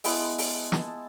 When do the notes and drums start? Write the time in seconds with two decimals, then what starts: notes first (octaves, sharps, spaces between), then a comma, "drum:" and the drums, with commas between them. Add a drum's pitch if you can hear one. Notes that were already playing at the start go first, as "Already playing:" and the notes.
0.04 G#3 B3 E4 A5, drum: open hi-hat
0.38 drum: open hi-hat
0.72 A5, drum: snare